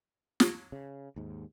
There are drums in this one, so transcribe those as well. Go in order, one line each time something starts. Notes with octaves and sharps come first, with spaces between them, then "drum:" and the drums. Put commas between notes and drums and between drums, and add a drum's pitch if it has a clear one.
drum: snare
C#3
D#2 G#2